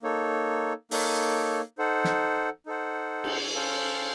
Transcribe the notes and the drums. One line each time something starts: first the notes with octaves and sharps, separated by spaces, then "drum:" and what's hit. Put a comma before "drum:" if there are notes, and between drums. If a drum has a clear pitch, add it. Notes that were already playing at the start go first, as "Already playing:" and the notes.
A#3 D#4 A4 C#5
A#3 D#4 A4 C#5, drum: open hi-hat
D#4 A4 C5 F#5
drum: snare
D#4 A4 C5 F#5
drum: cymbal
C#4 A4 C5 F5